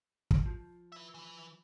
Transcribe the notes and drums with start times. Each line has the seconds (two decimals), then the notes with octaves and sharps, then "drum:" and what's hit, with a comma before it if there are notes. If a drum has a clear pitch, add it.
0.31 drum: kick
0.46 F3
0.92 B4 E5
1.14 E3 B4